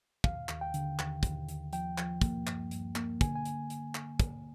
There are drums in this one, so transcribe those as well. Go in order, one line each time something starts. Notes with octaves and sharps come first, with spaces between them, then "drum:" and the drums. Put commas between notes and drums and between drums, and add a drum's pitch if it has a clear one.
D#2 F5, drum: kick
D#2, drum: clap
G5
D3, drum: hi-hat
D#2, drum: clap
D#2, drum: kick, hi-hat
D#2, drum: hi-hat
F3 G5, drum: hi-hat
F3, drum: clap
A#3, drum: kick, hi-hat
G2, drum: clap
G2, drum: hi-hat
A#3, drum: clap
D3 G#5, drum: kick, hi-hat
G#5
drum: hi-hat
drum: hi-hat
drum: clap
drum: kick, hi-hat